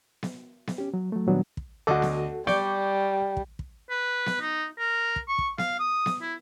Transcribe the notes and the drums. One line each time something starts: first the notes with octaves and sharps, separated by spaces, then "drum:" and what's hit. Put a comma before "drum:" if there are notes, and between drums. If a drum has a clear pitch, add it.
drum: snare B3
drum: snare B3
C#4 G4
F#3
F#3 A3
A#2 D#3 F#3 G3 B3 D4
drum: kick
D2 F#4 A4 D#5 D6
drum: snare B3
G3 D5 C#6 D6 G6, drum: snare B3
drum: kick
drum: kick
B4
drum: snare B3
D#4
A#4
drum: kick
C#6
drum: kick
F5, drum: snare B3
D#6
drum: snare B3
E4